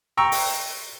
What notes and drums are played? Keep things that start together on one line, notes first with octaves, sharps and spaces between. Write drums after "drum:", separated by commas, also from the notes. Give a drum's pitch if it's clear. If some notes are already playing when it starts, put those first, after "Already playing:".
G5 A#5 C#6 E6
drum: open hi-hat